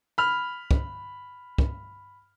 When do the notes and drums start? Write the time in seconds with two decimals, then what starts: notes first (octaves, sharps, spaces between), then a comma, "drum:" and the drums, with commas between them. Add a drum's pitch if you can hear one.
0.18 B5 F6
0.71 drum: kick
1.58 drum: kick